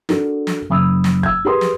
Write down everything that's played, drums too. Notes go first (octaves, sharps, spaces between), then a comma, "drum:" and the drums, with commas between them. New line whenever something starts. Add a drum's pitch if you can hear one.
D4 F#4 A4 A#4, drum: snare
drum: snare
F#1 B5 D#6 E6
drum: snare
E6 G#6, drum: kick
G4 G#4 A#4 B4 C6 D#6
drum: snare